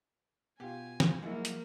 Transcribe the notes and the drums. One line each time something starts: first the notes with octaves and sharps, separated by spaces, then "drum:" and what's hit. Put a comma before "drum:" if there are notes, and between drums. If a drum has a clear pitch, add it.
B2 F4 G4 G#5
drum: snare
F3 F#3 G#3 A#3 E4
drum: hi-hat